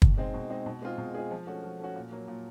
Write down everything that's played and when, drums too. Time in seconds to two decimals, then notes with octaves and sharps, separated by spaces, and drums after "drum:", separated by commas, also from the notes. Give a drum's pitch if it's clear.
0.02 B2, drum: kick
0.18 G#3 C4 D#4
0.34 B2
0.50 G#3 C4 D#4
0.66 B2
0.82 G#3 C4 F4 G#4
0.98 B2
1.14 G#3 C4 F4 G#4
1.31 F3
1.47 A3 C#4 F#4
1.64 F3
1.79 A3 C#4 F#4
1.96 A#2
2.12 F#3 A#3
2.28 A#2